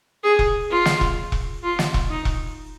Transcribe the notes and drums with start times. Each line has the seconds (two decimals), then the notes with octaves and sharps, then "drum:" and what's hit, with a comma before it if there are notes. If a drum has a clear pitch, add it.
0.23 G#4
0.39 drum: kick E1
0.70 F4
0.85 drum: snare
1.01 drum: kick E1
1.32 drum: kick E1
1.63 F4
1.79 drum: snare
1.94 drum: kick E1
2.10 D#4
2.25 drum: kick E1